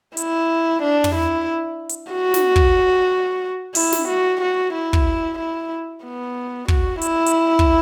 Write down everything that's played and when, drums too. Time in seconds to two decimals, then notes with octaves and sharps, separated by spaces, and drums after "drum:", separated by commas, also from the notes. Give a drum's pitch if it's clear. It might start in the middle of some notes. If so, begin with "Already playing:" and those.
0.17 E4, drum: hi-hat
0.82 D4
1.04 drum: tom
1.15 E4
1.89 drum: hi-hat
2.12 F#4
2.34 drum: snare
2.56 drum: kick
3.75 E4, drum: open hi-hat
3.92 drum: snare
4.08 F#4
4.41 F#4
4.73 E4
4.93 drum: kick
5.39 E4
6.04 B3
6.68 F#4, drum: kick
7.01 E4, drum: hi-hat
7.26 drum: hi-hat
7.59 drum: kick